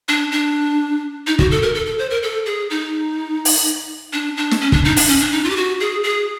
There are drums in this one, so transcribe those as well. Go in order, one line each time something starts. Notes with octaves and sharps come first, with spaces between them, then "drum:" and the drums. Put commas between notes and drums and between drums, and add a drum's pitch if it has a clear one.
D4
D4
D#4
F#4, drum: kick
A4
A#4
A4
A4
C5
A#4
A4
G#4
D#4
drum: open hi-hat
D4
D4
drum: snare
C#4
D4, drum: kick
D#4
D4, drum: open hi-hat
C#4
D4
D#4
F4
G4
F#4
G#4
G#4